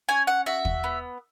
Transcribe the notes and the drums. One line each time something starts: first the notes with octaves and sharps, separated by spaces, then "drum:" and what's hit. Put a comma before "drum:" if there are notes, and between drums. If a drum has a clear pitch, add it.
C#4 G#5
F#5
F#4 E5
drum: kick
B3